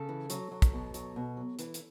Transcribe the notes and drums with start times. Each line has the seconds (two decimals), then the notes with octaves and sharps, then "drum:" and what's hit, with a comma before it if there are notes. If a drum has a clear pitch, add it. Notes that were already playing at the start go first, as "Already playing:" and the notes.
Already playing: C#3 A4
0.09 E3
0.30 F#3, drum: hi-hat
0.51 F#3
0.62 drum: kick, hi-hat
0.73 B2
0.94 F#3, drum: hi-hat
1.16 B2
1.37 F#3
1.59 E3, drum: hi-hat
1.74 drum: hi-hat